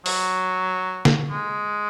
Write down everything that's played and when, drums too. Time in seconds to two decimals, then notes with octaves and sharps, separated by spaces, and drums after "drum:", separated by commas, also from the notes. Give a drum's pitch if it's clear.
0.06 F#3, drum: open hi-hat
1.05 drum: snare
1.31 G#3